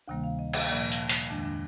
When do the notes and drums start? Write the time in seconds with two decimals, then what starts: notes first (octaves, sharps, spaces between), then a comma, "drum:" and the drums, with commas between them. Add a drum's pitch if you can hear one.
0.08 D2 C3 D#3 G3 A#3 G5
0.24 F5
0.39 D#5
0.53 D#5, drum: cymbal
0.68 A#2 F3 A#3 D5
0.92 drum: tambourine
1.09 drum: open hi-hat
1.30 F2 D#3 G#3 D4
1.45 D4